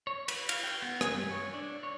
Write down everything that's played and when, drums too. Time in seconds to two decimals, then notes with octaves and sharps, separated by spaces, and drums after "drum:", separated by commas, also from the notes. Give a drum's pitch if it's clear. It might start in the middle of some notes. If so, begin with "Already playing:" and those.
0.07 C#5
0.28 B4, drum: cymbal
0.49 F5, drum: cymbal
0.64 G5
0.82 B3
1.01 G#5, drum: rim click
1.14 G3
1.31 C#5
1.54 D4
1.83 C#5